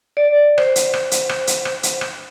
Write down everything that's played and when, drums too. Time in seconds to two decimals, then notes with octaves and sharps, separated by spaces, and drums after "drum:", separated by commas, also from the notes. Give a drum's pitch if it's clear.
0.17 D5
0.58 C5, drum: rim click
0.76 drum: hi-hat
0.94 drum: rim click
1.11 drum: hi-hat
1.29 drum: rim click
1.47 drum: hi-hat
1.65 drum: rim click
1.83 drum: hi-hat
2.01 drum: rim click